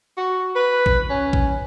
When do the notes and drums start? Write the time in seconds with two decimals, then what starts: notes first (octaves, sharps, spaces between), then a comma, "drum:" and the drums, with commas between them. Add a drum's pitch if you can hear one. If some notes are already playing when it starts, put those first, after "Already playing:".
0.18 F#4
0.55 B4
0.86 drum: kick A1
1.10 C#4
1.33 drum: kick A1